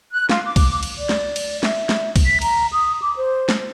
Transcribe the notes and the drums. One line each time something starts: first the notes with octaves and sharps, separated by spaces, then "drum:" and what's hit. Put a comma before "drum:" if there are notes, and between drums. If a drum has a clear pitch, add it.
F#6
F4, drum: snare
D6
drum: kick C2, cymbal
drum: cymbal
D5
drum: snare
drum: cymbal
E5, drum: snare
drum: snare
drum: kick C2, cymbal
B6
A#5, drum: cymbal
D#6
D6
C5
drum: snare